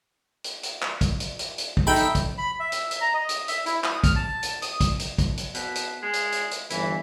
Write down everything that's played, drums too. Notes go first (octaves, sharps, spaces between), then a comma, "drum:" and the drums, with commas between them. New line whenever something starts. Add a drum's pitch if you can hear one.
drum: hi-hat
drum: hi-hat
drum: clap
drum: kick, hi-hat
drum: hi-hat
drum: hi-hat
drum: hi-hat
drum: kick
D#4 A4 E5 G5 B5
drum: hi-hat
drum: kick, hi-hat
B5
E5
drum: hi-hat
drum: hi-hat
A#5
D#5
drum: hi-hat
E5, drum: hi-hat
E4, drum: hi-hat
D#6, drum: clap
F6, drum: kick, hi-hat
A5
drum: hi-hat
D#6, drum: hi-hat
drum: kick, hi-hat
drum: hi-hat
drum: kick, hi-hat
drum: hi-hat
B2, drum: hi-hat
drum: hi-hat
G#3
drum: hi-hat
drum: hi-hat
drum: hi-hat
G1 E3 E4, drum: hi-hat